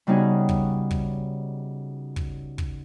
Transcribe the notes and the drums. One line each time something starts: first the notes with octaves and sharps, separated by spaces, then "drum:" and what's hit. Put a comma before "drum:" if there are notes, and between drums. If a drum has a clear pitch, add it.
C#3 G3 B3 D#4 F#4 G#4
drum: kick
drum: kick
drum: kick
drum: kick